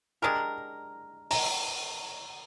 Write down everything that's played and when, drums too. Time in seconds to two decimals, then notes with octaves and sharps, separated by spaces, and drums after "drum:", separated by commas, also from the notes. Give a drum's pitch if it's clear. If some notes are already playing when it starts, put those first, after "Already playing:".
0.22 G#3 D4 G4 A#4 A#5
1.31 A#5, drum: open hi-hat